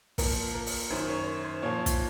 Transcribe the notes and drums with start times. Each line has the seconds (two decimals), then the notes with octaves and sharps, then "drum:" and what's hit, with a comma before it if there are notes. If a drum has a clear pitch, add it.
0.18 A#2 F3 A#4, drum: kick, open hi-hat
0.54 A#4
0.66 drum: open hi-hat
0.90 F#2 D#3 C5
1.08 C#5
1.26 C5
1.44 C5
1.62 A#2 F3 C#5
1.86 drum: kick, hi-hat